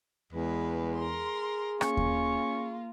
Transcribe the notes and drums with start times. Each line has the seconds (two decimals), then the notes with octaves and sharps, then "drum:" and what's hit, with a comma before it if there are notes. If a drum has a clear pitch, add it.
0.33 E2 G#3 B4
0.96 G#4 A#4 C6
1.81 A#3 C#4 F4 C#6, drum: rim click
1.97 drum: kick D#2